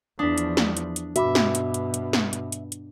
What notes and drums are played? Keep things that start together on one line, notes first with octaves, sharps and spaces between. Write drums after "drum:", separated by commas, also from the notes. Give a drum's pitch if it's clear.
E2 F3 D4 D#6 B6
drum: hi-hat
drum: snare
drum: hi-hat
drum: hi-hat
G2 B2 F#4 E5 B5 D6, drum: hi-hat
drum: snare
drum: hi-hat
drum: hi-hat
drum: hi-hat
drum: snare
drum: hi-hat
drum: hi-hat
drum: hi-hat